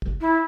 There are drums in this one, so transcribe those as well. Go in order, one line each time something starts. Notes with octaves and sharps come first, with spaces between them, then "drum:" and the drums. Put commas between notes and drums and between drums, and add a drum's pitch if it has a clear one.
drum: kick
E4